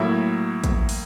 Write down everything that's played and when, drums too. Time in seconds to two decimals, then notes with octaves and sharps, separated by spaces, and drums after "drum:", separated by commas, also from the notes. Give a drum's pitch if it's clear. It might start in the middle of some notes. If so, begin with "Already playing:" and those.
Already playing: A2 F#3 A#3 E4 E5
0.64 drum: kick, hi-hat
0.89 drum: open hi-hat